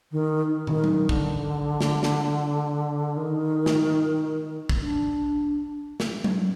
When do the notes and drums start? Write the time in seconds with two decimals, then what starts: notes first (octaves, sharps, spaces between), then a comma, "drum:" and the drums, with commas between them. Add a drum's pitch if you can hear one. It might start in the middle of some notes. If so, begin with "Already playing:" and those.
0.12 D#3
0.67 D#3, drum: tom
0.84 drum: tom F#3
1.09 D3, drum: kick
1.81 drum: snare
2.03 drum: snare
3.17 D#3
3.66 drum: snare
4.69 drum: kick
4.82 D4
6.00 drum: snare
6.24 drum: tom F#3